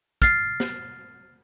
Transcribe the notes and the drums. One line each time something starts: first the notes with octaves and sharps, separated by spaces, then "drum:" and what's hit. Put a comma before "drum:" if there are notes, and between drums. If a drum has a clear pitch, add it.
F6 A6 C7, drum: kick
drum: snare